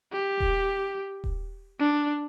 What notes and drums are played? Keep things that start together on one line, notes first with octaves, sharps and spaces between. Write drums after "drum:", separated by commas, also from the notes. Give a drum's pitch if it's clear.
G4
drum: kick D#1
drum: kick D#1
D4